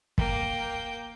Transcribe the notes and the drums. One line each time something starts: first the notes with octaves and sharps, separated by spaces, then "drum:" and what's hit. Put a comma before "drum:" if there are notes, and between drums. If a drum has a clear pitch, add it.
A#3 G5, drum: kick